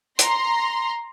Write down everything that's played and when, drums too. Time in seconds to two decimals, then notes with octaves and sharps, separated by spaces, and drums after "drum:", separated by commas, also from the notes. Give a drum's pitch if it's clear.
0.19 A#5 C6, drum: hi-hat